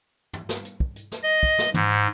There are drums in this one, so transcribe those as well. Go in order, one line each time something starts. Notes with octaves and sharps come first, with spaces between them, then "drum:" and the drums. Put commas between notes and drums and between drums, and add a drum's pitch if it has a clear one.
drum: tom
drum: snare
drum: hi-hat
drum: kick
drum: hi-hat
drum: snare
D#5
drum: kick
drum: snare
G#2, drum: tom
drum: hi-hat